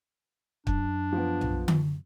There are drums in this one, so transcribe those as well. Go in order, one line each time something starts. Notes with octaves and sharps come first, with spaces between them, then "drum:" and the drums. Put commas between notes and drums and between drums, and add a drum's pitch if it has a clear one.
F#2 D4, drum: kick
F3 B3
drum: tom B1
drum: tom D3